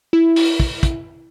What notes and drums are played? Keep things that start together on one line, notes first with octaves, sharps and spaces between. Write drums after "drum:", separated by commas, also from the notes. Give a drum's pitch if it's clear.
E4
drum: open hi-hat
drum: kick
drum: kick, hi-hat